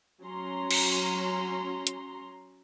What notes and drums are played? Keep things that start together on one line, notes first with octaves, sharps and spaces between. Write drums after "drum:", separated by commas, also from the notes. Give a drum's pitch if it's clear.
F#3 C#4 A#5 C6
drum: cymbal
drum: hi-hat